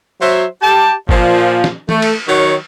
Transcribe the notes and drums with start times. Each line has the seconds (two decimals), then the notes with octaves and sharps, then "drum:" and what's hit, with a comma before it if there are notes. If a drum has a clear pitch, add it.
0.21 F#3 C5 E5
0.62 G4 A5
1.09 A#2 F3, drum: kick G1
1.64 drum: snare
1.89 A3, drum: tom
2.02 drum: cymbal
2.28 D#3 F#3 C#5